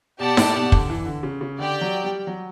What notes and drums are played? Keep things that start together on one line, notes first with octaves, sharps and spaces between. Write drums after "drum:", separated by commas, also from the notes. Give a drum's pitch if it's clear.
B2 G4 D5 F#5 A5
A2, drum: snare D#4
B2
D3, drum: kick
E3
D3
C#3
C#3
D3 G4 D5 G5
F#3
G3
F#3